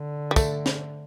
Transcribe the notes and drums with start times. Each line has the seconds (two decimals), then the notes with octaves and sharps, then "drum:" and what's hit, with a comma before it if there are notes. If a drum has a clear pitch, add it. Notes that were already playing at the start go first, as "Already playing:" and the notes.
Already playing: D3
0.31 G3
0.36 A3, drum: kick, tambourine
0.66 drum: snare